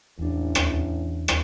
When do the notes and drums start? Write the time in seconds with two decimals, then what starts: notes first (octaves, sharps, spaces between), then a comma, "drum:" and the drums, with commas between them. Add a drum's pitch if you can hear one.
0.19 A1 E2 D4
0.55 drum: rim click
1.28 drum: rim click